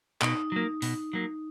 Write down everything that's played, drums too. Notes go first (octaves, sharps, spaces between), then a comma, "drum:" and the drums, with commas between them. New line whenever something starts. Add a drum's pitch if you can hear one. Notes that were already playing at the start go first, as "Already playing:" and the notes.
B2 D#4, drum: clap
F#3 A#3
B2, drum: open hi-hat
F#3 A#3